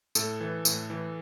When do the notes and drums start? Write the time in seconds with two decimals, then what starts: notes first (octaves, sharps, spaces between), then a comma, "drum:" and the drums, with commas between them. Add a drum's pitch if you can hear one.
0.15 A2 A4, drum: tambourine
0.40 E3
0.65 A2, drum: tambourine
0.90 E3